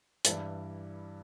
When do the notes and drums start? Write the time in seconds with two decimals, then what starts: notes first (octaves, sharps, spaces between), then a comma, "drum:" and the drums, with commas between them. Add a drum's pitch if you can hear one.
0.25 G2 E3 G3 E4, drum: hi-hat